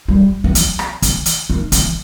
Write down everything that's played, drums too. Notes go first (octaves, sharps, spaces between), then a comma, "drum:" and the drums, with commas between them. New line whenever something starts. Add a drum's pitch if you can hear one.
G3
E3
F#3, drum: hi-hat
drum: rim click
E3, drum: kick, hi-hat
drum: hi-hat
D#3
E3, drum: kick, hi-hat